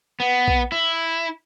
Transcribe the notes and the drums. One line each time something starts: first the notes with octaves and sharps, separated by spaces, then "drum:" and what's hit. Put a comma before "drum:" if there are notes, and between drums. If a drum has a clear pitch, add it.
B3
drum: kick
E4